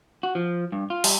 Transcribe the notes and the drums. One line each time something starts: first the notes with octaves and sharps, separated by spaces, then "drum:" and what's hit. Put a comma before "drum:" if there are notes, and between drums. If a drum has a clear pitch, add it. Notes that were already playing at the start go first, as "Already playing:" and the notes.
F#4
F3
G2
F4
G3, drum: open hi-hat